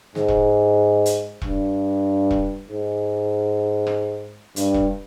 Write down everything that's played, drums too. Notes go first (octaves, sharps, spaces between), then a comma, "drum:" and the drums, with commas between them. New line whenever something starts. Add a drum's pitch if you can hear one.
G#2, drum: snare
drum: kick E1
drum: hi-hat
G2, drum: kick E1
drum: kick E1
G#2
drum: rim click
G2, drum: hi-hat
drum: kick E1